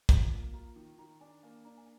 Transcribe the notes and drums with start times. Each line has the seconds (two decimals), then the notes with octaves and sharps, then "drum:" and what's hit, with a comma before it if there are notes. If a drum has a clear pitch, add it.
0.09 F4 A#5, drum: kick, hi-hat
0.32 A#3
0.53 F4 A#5
0.76 D#3
0.98 D#3 A#5
1.21 D4 G#5
1.43 A#3 G#5
1.65 D4 A#5
1.78 G#5